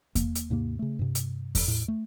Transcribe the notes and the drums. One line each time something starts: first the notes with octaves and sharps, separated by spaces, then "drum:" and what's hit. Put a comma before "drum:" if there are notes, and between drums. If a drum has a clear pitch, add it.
A#3, drum: kick E2, hi-hat
drum: hi-hat
D#2 G#2 C3 A#3
C#3 A3
G2 C3
drum: hi-hat
drum: kick E2, open hi-hat
A2
A3